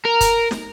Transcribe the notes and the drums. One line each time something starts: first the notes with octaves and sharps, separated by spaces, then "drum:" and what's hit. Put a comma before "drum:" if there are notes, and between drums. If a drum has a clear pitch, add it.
A#4
drum: kick, hi-hat
drum: snare